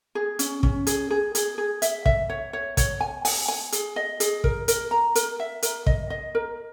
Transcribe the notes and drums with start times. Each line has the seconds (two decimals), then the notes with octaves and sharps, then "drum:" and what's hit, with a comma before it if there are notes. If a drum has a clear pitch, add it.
0.15 G#4
0.39 C#4, drum: hi-hat
0.63 C#4, drum: kick
0.87 G#4, drum: hi-hat
1.11 G#4
1.35 G#4, drum: hi-hat
1.58 G#4
1.82 E5, drum: hi-hat
2.06 E5, drum: kick
2.29 C#5
2.53 C#5
2.77 C#5, drum: kick, hi-hat
3.01 G#5
3.25 G#5, drum: open hi-hat
3.48 G#5
3.72 G#4, drum: hi-hat
3.96 D#5
4.20 G#4, drum: hi-hat
4.44 A#4, drum: kick
4.68 A#4, drum: hi-hat
4.91 A#5
5.15 A#4, drum: hi-hat
5.40 E5
5.62 A#4, drum: hi-hat
5.86 D#5, drum: kick
6.10 D#5
6.35 A#4